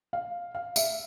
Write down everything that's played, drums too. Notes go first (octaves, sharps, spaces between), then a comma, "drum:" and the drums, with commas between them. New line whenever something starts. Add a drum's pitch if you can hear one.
F5
F5
E5, drum: tambourine